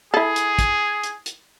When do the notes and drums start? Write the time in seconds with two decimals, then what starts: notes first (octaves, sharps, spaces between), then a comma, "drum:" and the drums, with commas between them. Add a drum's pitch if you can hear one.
0.14 E4 G#4 A4
0.36 drum: hi-hat
0.59 drum: kick, hi-hat
1.04 drum: hi-hat
1.26 drum: hi-hat